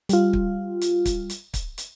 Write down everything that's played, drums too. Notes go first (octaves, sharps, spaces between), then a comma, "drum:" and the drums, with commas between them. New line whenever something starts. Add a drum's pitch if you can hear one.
G3 F4, drum: hi-hat
drum: kick
drum: hi-hat
drum: kick, hi-hat
drum: hi-hat
drum: kick, hi-hat
drum: hi-hat